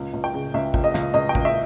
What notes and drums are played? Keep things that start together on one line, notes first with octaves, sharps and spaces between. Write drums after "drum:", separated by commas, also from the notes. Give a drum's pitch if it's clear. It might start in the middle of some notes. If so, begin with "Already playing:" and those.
Already playing: C#2
C#2
G5
C#3
C#2 E5
C#2, drum: kick
D#5
C#2, drum: snare
C#2 D#5
G5
C#2, drum: kick
E5